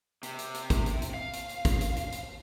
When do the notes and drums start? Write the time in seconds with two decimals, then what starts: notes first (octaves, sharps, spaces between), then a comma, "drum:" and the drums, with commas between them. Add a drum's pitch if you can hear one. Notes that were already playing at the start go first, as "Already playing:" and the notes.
0.23 C3, drum: hi-hat
0.39 drum: hi-hat
0.54 drum: hi-hat
0.70 drum: kick, hi-hat
0.86 drum: hi-hat
1.02 drum: hi-hat
1.14 F5
1.33 drum: hi-hat
1.49 drum: hi-hat
1.65 drum: kick, hi-hat
1.81 drum: hi-hat
1.97 drum: hi-hat
2.12 drum: hi-hat